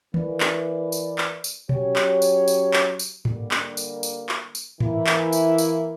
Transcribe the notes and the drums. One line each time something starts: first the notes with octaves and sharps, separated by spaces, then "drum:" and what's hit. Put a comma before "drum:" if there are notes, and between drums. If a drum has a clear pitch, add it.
E3 A#3 E4 B4 D5, drum: tom
drum: clap
drum: tambourine
drum: clap
drum: tambourine
F#3 C#4 G4 C#5, drum: tom B2
drum: clap
drum: tambourine
drum: tambourine
drum: clap
drum: tambourine
D3 G3 A#3, drum: tom G#2
drum: clap
drum: tambourine
drum: tambourine
drum: clap
drum: tambourine
E3 A#3 E4, drum: tom G#2
drum: clap
drum: tambourine
drum: tambourine